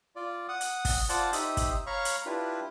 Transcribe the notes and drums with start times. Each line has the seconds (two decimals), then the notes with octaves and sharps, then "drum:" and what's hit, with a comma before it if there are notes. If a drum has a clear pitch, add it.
0.16 F4 D5
0.48 F#5 D#6
0.61 drum: hi-hat
0.85 drum: kick, open hi-hat
1.09 F4 C5 D5 F#5 A5, drum: hi-hat
1.33 D#4 G4 C5 E5 D#6, drum: hi-hat
1.57 drum: kick, hi-hat
1.86 C#5 F5 A#5 B5 C#6
2.05 drum: hi-hat
2.26 D4 E4 F4 G4 B4